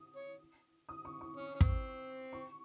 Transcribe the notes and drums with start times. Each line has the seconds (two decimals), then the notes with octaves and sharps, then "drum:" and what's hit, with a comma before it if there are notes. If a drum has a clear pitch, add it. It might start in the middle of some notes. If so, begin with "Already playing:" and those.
Already playing: D#6
0.16 C#5
0.89 D#6
1.05 C#6
1.21 C#6
1.37 C#4
1.55 C#4
1.61 C4, drum: kick
2.33 C#6